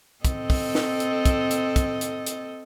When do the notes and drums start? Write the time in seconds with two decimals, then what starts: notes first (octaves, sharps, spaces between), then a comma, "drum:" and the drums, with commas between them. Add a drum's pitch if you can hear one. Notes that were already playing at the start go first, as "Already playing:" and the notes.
0.25 C4 A4 D#5, drum: kick, hi-hat
0.50 drum: kick, open hi-hat
0.75 drum: snare
1.00 drum: hi-hat
1.26 drum: kick, hi-hat
1.51 drum: hi-hat
1.76 drum: kick, hi-hat
2.01 drum: hi-hat
2.26 drum: hi-hat